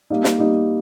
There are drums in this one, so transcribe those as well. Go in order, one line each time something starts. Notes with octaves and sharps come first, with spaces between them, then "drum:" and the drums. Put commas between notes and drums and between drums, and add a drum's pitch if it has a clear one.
G3 A#3 D#4
drum: snare
G3 A#3 D#4